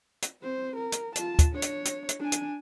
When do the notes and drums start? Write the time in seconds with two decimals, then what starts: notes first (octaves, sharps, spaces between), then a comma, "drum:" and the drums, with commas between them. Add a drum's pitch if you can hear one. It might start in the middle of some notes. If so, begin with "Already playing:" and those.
0.22 drum: hi-hat
0.42 C4 C5
0.76 A#4
0.92 drum: hi-hat
1.15 F4 A5, drum: hi-hat
1.39 drum: kick, hi-hat
1.53 D4 C#5
1.62 drum: hi-hat
1.85 drum: hi-hat
2.09 drum: hi-hat
2.20 D4 G#5
2.32 drum: hi-hat